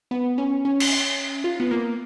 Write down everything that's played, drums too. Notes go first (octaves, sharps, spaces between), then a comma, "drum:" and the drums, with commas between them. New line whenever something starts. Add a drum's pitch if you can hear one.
B3
C#4
C#4
drum: cymbal
F4
B3
A#3